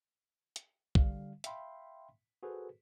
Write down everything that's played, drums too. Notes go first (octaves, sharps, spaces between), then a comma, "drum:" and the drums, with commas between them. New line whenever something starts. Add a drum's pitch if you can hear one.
drum: hi-hat
D3 G3 F5, drum: kick
E5 F5 G5 B5 C6, drum: hi-hat
F#4 G#4 A4 B4 C5